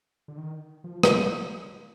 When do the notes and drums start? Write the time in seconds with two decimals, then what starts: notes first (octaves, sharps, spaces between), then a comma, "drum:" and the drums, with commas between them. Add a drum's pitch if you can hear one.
0.28 D3
0.38 D#3
0.84 F3
1.03 G3, drum: rim click
1.12 F#3